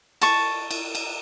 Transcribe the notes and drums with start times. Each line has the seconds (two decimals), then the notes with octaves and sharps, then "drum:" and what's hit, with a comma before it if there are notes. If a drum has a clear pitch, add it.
0.22 A5 C#6, drum: cymbal
0.71 drum: cymbal
0.95 drum: cymbal